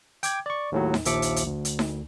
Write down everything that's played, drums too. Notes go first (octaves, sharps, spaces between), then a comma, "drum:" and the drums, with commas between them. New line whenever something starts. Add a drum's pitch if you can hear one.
G5 D6 G#6, drum: hi-hat
D5 C#6
D#2 A2 F#3
drum: snare D#4
A#1 D#2 F3 E5 D6 C#7, drum: hi-hat
drum: hi-hat
drum: hi-hat
D2
drum: hi-hat
drum: snare D#4